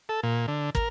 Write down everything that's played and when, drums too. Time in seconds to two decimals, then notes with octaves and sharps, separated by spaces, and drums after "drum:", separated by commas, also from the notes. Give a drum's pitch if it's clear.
0.09 A4
0.23 A#2
0.48 D3
0.75 A#4, drum: kick